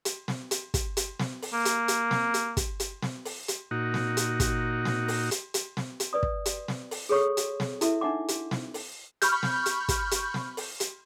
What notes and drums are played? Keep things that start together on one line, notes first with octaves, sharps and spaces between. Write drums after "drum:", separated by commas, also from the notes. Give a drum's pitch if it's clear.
drum: hi-hat
drum: snare
drum: hi-hat
drum: kick, hi-hat
drum: hi-hat
drum: snare
drum: open hi-hat
A#3
drum: hi-hat
drum: hi-hat
drum: snare
drum: hi-hat
drum: kick, hi-hat
drum: hi-hat
drum: snare
drum: open hi-hat
drum: hi-hat
A#2 D#4 F#4
drum: snare
drum: hi-hat
drum: kick, hi-hat
drum: snare
drum: open hi-hat
drum: hi-hat
drum: hi-hat
drum: snare
drum: hi-hat
B4 D5 D#6
drum: kick
drum: hi-hat
drum: snare
drum: open hi-hat
G#4 A4 C#5 C#6 D#6
drum: hi-hat
drum: snare
E4 A4 E5, drum: hi-hat
D4 D#4 E5 F#5 D6
drum: hi-hat
drum: snare
drum: open hi-hat
B5 C#6 F6 G6, drum: hi-hat
drum: snare
drum: hi-hat
drum: kick, hi-hat
drum: hi-hat
drum: snare
drum: open hi-hat
drum: hi-hat